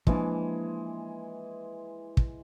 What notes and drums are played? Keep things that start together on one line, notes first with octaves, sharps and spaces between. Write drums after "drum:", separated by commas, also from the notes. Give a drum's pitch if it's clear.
E3 F3 G#3 A#3 D4, drum: kick
drum: kick